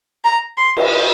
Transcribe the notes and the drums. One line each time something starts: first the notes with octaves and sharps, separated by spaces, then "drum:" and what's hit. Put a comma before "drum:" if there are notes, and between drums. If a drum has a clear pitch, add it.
A#5
C6
drum: cymbal